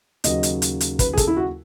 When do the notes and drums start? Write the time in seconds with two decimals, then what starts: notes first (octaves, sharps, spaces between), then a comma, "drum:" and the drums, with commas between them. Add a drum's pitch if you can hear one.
0.24 D#2 C#3 F#3 D#5, drum: hi-hat
0.43 drum: hi-hat
0.62 drum: hi-hat
0.81 drum: hi-hat
0.99 B4, drum: kick, hi-hat
1.13 G#4
1.17 A4, drum: kick, hi-hat
1.28 E4
1.37 F#4